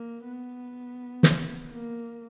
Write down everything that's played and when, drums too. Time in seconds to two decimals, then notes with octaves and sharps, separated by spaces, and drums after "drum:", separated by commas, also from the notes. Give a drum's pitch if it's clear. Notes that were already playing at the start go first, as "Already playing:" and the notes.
Already playing: A#3
0.24 B3
1.23 drum: snare
1.72 A#3